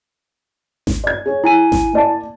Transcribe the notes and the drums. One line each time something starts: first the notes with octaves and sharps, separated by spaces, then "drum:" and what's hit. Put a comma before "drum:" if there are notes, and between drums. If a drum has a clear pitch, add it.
drum: snare G#1
D5 G#6
G#4 C#5
E4 G#5 D#7
drum: snare G#1
A#3 D5 A5